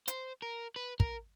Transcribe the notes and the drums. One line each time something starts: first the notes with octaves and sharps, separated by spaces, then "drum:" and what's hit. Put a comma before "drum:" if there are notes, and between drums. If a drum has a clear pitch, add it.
C5, drum: hi-hat
A#4
B4
A#4, drum: kick